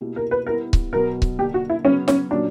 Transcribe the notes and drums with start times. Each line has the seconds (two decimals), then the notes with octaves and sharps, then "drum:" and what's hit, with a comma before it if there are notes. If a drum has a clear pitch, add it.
0.01 B2 A#3 E4 G4
0.16 A#4
0.31 B4
0.46 G3 B3 E4 G4 A#4
0.73 drum: kick C#1
0.93 B2 F#3 B3 A#4
1.22 drum: kick C#1
1.39 D3 A#3 D4 G4
1.54 F#4
1.70 E4
1.84 C#3 F#3 B3 C#4 F#4
2.08 C#4, drum: snare
2.30 A#2 F#3 A#3 C#4 D4 F#4